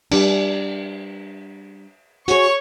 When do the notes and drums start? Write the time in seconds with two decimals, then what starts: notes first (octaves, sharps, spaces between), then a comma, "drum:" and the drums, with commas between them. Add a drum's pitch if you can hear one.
0.11 G3 D4, drum: cymbal
2.28 F#4 G#4 C#5 C#6, drum: hi-hat